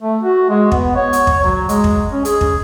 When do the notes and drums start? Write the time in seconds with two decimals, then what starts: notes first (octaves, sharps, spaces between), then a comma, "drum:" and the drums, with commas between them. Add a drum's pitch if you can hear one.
0.02 A3
0.23 F#4
0.49 G#3
0.72 B3, drum: kick
0.96 C#5
1.13 drum: hi-hat
1.27 drum: kick
1.44 F#3, drum: tom
1.69 G#3, drum: hi-hat
1.84 drum: kick
2.12 C#4
2.25 G#4, drum: hi-hat
2.41 drum: kick